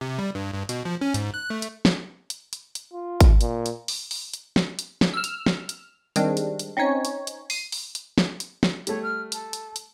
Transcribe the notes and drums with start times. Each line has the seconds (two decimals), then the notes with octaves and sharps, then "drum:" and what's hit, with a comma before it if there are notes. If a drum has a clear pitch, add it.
0.01 C3
0.18 G3
0.35 G2
0.53 G2
0.69 B2, drum: hi-hat
0.85 F3
1.01 C#4
1.14 G#2, drum: hi-hat
1.34 F#6
1.50 A3
1.62 drum: hi-hat
1.85 drum: snare
2.30 drum: hi-hat
2.53 drum: hi-hat
2.75 drum: hi-hat
2.93 F4
3.20 drum: kick G#1, hi-hat
3.41 A#2, drum: hi-hat
3.66 drum: hi-hat
3.88 drum: open hi-hat
4.11 drum: open hi-hat
4.33 drum: hi-hat
4.56 drum: snare
4.79 drum: hi-hat
5.01 drum: snare
5.14 E6 F6
5.24 drum: hi-hat
5.46 drum: snare
5.69 drum: hi-hat
6.16 D#3 G3 G#3 C4 D4, drum: hi-hat
6.37 drum: hi-hat
6.59 drum: hi-hat
6.77 C4 C#4 D#4 C#5
7.05 drum: hi-hat
7.27 drum: hi-hat
7.50 C7 D#7, drum: open hi-hat
7.72 drum: open hi-hat
7.95 drum: hi-hat
8.18 drum: snare
8.40 drum: hi-hat
8.63 drum: snare
8.87 G3 A3 C#5, drum: hi-hat
9.02 F6
9.32 A4, drum: hi-hat
9.53 drum: hi-hat
9.76 drum: hi-hat